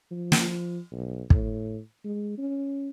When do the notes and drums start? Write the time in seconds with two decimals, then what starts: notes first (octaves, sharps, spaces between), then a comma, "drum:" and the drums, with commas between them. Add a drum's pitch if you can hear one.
0.11 F3
0.32 drum: snare
0.92 B1
1.30 A2, drum: kick
2.04 G#3
2.38 C#4